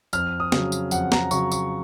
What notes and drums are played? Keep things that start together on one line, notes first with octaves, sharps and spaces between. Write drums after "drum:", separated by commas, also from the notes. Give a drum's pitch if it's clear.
F2 F6, drum: tambourine
D#6
C#3 F#3, drum: snare
drum: tambourine
F2 F#5, drum: tambourine
A#5, drum: snare
C#3 F#3 C#6, drum: tambourine
C#6, drum: tambourine